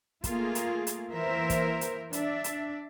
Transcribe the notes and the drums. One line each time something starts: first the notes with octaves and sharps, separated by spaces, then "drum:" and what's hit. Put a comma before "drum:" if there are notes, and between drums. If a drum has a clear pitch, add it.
A3 A#3 F4 G#4, drum: kick, hi-hat
drum: hi-hat
drum: hi-hat
E3 A#3 A#4 C5 E5
drum: kick, hi-hat
drum: hi-hat
D4 D5 E5, drum: hi-hat
drum: hi-hat